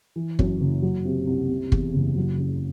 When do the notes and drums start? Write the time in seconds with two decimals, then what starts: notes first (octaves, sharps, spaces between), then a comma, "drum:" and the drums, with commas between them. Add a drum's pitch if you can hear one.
0.16 E3
0.39 F#2, drum: kick
0.61 F#1
0.82 F#3
1.05 C3
1.27 C2
1.49 C3
1.72 E2, drum: kick
1.94 F#1
2.16 F#3
2.38 C#3